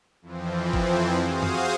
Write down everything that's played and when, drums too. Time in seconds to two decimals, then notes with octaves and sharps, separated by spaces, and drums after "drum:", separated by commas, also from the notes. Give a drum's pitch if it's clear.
0.22 F2 E3 F3 C4
0.73 drum: kick G1
1.20 F#4 G#4 C5 F5 D#6
1.43 drum: tom F#2